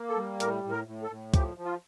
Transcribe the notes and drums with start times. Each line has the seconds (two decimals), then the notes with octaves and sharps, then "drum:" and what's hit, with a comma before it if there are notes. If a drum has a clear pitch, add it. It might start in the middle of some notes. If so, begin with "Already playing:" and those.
Already playing: A#3
0.09 A4
0.17 G3
0.40 A2 A#4, drum: hi-hat
0.64 A2
0.71 A#4
0.87 A2
1.03 A4
1.11 A2
1.34 F3 G4, drum: kick, hi-hat
1.57 F3
1.65 F4